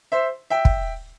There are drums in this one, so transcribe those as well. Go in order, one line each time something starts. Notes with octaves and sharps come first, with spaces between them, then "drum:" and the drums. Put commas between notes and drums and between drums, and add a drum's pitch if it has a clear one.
C5 E5
E5 G5
drum: kick